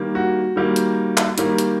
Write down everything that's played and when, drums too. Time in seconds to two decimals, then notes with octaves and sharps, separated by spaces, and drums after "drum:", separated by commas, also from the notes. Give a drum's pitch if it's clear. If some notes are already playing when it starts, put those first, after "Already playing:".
Already playing: D#3 G3 A#3
0.15 F#4
0.56 D#3 G3 A#3
0.76 drum: hi-hat
1.17 drum: clap
1.38 D#3 G3 A#3, drum: hi-hat
1.59 drum: hi-hat